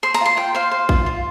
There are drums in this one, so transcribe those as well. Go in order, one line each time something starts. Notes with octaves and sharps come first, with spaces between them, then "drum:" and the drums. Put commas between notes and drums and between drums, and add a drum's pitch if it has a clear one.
C5 C6
A#5, drum: hi-hat
F4 C6
F4 G5
C5 F5
C5
F4, drum: kick
F4